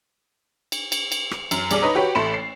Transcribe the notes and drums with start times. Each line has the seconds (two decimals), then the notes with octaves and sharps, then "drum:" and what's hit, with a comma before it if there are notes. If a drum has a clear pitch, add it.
0.72 drum: cymbal
0.92 drum: cymbal
1.12 drum: cymbal
1.31 drum: rim click
1.51 F#2, drum: cymbal
1.71 B1 G3 G#4 D5 D6 F#7, drum: cymbal
1.82 D#4 B4 C#5 D#5 A#5
1.95 F#4 G4 B4 C#5
2.15 A1 A3 B5 C6 E7
2.34 C7